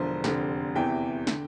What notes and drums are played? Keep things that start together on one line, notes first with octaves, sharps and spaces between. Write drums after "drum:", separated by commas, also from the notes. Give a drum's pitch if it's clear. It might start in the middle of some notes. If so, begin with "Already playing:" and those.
Already playing: E1 E2 D3 F3 C5
F1 F2 D3, drum: snare
E2 C3 E3 G5
D3, drum: snare